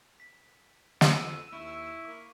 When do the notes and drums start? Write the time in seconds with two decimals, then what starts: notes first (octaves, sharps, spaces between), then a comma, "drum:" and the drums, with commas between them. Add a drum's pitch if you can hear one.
0.20 B6
1.01 F2 E6 D#7, drum: snare
1.53 D#2 E4 C#6
2.05 A#3 D6